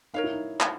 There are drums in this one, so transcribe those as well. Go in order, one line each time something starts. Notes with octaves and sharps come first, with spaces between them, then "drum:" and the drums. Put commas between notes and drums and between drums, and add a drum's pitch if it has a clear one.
D#4 A#4 C#5 F5
E4
D#4
drum: clap